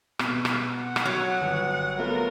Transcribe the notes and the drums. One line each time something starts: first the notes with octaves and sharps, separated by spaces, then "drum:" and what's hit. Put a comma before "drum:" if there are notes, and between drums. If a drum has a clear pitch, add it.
B2, drum: rim click
drum: rim click
F#5
drum: rim click
F#3
G1
A3 B3 F4 A#4